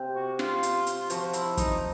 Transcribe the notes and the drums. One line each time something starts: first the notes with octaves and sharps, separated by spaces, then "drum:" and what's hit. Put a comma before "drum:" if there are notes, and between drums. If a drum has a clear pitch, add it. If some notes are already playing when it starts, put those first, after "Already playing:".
Already playing: C3
F#4
F4, drum: snare
drum: hi-hat
drum: hi-hat
F4
F3 F#4, drum: hi-hat
E4, drum: hi-hat
D#4, drum: kick, hi-hat